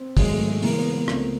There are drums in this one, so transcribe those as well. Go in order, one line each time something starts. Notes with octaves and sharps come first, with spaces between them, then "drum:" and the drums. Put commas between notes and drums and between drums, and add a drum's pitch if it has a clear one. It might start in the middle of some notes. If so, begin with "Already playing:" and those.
Already playing: C4
G#2 D#3 F#3 G#3, drum: kick, open hi-hat
A3
A3
C#3 E3 G#3 A#3, drum: open hi-hat
B3
B3
C#2 C#3 F3 A3 C4, drum: rim click